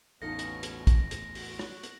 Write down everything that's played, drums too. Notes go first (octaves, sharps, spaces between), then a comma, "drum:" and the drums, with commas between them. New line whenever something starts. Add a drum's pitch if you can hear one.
A1 E2 B2 C#4 D#4 F4 A4 A#6
drum: hi-hat
drum: hi-hat
drum: kick, hi-hat
drum: hi-hat
F#4, drum: open hi-hat
drum: rim click
drum: hi-hat